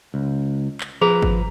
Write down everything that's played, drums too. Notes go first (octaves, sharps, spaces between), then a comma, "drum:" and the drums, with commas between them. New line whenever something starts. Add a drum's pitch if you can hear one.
C#2
drum: clap
F3 G#4 B4 A#5
drum: kick G#1